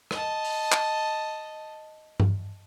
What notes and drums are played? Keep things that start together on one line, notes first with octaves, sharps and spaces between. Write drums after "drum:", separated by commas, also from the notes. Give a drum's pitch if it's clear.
D#5 A5, drum: rim click
drum: open hi-hat
drum: clap
drum: tom G2